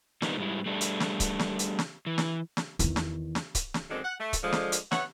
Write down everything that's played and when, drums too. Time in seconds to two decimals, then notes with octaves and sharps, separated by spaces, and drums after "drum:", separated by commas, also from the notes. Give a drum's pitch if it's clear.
0.22 A#2 D#3 G3 B3 D#4, drum: snare
0.38 G#2 G3 E4
0.66 G3 A3 D4
0.81 drum: hi-hat
1.00 drum: snare
1.20 drum: kick C#1, hi-hat
1.39 drum: snare
1.59 drum: hi-hat
1.79 drum: snare
2.06 E3
2.18 drum: snare
2.57 drum: snare
2.79 E2 D#3, drum: kick C#1, hi-hat
2.96 drum: snare
3.35 drum: snare
3.55 drum: kick C#1, hi-hat
3.74 drum: snare
3.90 F#2 D3 D#3 G#3 C4 D4
4.04 F#5
4.20 A3
4.33 drum: kick C#1, hi-hat
4.43 D3 F3 G#3
4.52 drum: snare
4.72 drum: hi-hat
4.91 B3 C#5 E5 F#5, drum: snare